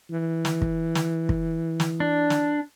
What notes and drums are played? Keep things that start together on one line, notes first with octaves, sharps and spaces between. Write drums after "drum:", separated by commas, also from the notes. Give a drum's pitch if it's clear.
E3
drum: snare
drum: kick
drum: snare
drum: kick
drum: snare
D4
drum: snare